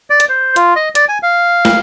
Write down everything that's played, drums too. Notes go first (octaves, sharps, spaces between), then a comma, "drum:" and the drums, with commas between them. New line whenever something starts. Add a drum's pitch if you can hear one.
D5
drum: hi-hat
C5
F4, drum: hi-hat
D#5
D5, drum: hi-hat
G#5
F5
drum: snare